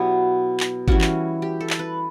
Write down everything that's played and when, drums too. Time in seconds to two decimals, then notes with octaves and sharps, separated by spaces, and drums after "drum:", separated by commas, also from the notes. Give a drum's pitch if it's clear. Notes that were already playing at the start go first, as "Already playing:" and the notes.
Already playing: B2 F#3 B3 E4 G4
0.60 drum: clap
0.88 E3 G3 C#4 E4 F#4, drum: kick G#1
1.01 drum: clap
1.42 G4
1.61 A4
1.70 drum: clap
1.79 B4